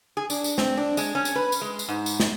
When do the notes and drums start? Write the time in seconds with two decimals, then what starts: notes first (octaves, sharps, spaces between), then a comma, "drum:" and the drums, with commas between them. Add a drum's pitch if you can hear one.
0.17 G#4
0.30 D4, drum: tambourine
0.44 drum: tambourine
0.58 C4, drum: snare
0.77 D4
0.97 G#3, drum: tambourine
1.15 C#4
1.25 drum: tambourine
1.36 B4
1.52 drum: tambourine
1.61 G#3
1.79 drum: tambourine
1.88 G#2
2.06 drum: tambourine
2.20 drum: snare